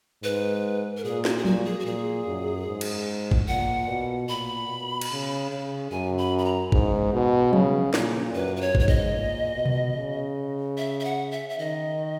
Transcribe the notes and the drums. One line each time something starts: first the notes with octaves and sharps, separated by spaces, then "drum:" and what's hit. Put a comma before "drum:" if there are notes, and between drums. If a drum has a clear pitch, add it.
G#2 B4
A#4
A#2 G#4
F#4, drum: snare
G#4
F#4, drum: tom F3
G#4
F#4
A#2 G#4
F#2
G#2
drum: cymbal
drum: kick
A#2 F#5
B2
A#2 B5
B2
drum: cymbal
C#3
C#3
F#2 G#5
B5
B5
A#5
G#2, drum: kick
B2
C#3, drum: tom F3
A#2, drum: snare
F#2 B4
B4
C#5
G#2 C#5, drum: kick
D#5, drum: kick
A#2
B2
drum: tom B2
C#3
E5
E5
F#5
E5
E5
D#3 D#5